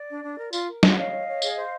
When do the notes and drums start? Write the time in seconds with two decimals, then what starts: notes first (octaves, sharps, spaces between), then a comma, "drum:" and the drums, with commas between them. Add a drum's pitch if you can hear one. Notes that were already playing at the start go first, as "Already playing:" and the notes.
Already playing: D5
0.09 D4
0.23 D4
0.38 A#4
0.53 F4, drum: tambourine
0.67 A#4
0.83 F4, drum: snare
0.92 F#5
0.97 C#5 D#5 F5
1.13 C#5
1.27 C#5
1.42 G#4, drum: tambourine
1.57 C5